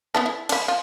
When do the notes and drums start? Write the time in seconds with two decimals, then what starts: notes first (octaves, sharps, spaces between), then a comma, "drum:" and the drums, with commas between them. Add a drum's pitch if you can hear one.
0.15 B3 E4 A4
0.26 E4
0.49 D4 E4, drum: cymbal
0.68 F4